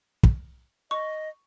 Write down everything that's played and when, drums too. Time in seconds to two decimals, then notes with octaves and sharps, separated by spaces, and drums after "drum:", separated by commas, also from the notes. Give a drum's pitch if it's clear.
0.23 drum: kick
0.91 D#5 C#6